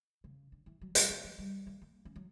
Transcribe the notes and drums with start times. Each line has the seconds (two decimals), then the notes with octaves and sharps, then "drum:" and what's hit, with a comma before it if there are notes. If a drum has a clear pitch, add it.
0.24 C#3
0.52 D3
0.66 E3
0.81 F#3
0.95 G3, drum: hi-hat
1.10 A#3
1.24 F#3
1.38 G3
1.67 A#3
1.82 A#3
2.05 C#4
2.16 F#3